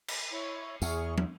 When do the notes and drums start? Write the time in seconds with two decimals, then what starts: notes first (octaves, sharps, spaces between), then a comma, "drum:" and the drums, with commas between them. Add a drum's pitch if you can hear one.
0.08 drum: cymbal
0.32 E4 C#5
0.82 E2 G#4 C#6 F6, drum: tambourine
1.18 drum: tom